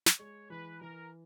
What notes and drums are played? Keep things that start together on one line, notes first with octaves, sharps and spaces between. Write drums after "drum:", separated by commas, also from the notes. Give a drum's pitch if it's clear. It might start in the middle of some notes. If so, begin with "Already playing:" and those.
drum: snare
G#3 C#5
E3 B4
E3 A#4